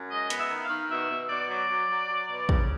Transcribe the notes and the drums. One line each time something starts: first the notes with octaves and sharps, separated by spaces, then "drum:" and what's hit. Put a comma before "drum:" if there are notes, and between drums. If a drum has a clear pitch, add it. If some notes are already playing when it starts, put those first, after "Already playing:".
Already playing: F#2
G#3 D#5
B3, drum: hi-hat
E5
D#3
F5
D#3
B2 E5
B2
B2 D5
F#3
F#3
F#3
F#3
B2
C#3, drum: kick